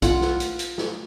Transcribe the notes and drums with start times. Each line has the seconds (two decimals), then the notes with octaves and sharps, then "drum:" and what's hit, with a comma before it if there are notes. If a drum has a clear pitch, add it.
0.02 F4 F#5, drum: kick A#1, hi-hat
0.21 drum: snare
0.40 drum: hi-hat
0.59 drum: hi-hat
0.78 drum: snare